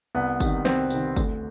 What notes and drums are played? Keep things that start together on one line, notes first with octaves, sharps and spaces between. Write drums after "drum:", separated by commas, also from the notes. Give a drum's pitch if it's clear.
C2 B3
C3 D#3, drum: kick G1, tambourine
C2 C4, drum: snare
C3 D#3, drum: tambourine
D2, drum: kick G1, tambourine